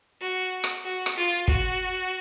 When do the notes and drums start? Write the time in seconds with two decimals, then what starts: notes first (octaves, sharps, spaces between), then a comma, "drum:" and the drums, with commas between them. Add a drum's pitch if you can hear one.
0.21 F#4
0.64 drum: rim click
0.85 F#4
1.06 drum: rim click
1.17 F4
1.48 F#4, drum: kick